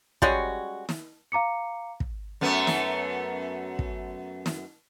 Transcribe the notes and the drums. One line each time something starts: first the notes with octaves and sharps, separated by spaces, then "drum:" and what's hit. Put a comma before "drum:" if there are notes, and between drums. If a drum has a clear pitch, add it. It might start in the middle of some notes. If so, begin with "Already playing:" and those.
G3 G#3 C#4 F#4, drum: kick
drum: snare
F5 A#5 D6 C#7
drum: kick
F#2 A3 B3
drum: snare
drum: kick
drum: snare